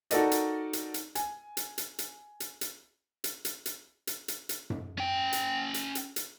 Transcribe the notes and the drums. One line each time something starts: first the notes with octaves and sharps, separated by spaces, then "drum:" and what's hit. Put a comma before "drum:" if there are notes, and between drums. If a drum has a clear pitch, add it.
D#4 F#4 A4 A#4 D5 D#5, drum: hi-hat
drum: hi-hat
drum: hi-hat
drum: hi-hat
G#5, drum: hi-hat
drum: hi-hat
drum: hi-hat
drum: hi-hat
drum: hi-hat
drum: hi-hat
drum: hi-hat
drum: hi-hat
drum: hi-hat
drum: hi-hat
drum: hi-hat
drum: hi-hat
drum: tom F#2
C#4 G5
drum: hi-hat
drum: hi-hat
drum: hi-hat
drum: hi-hat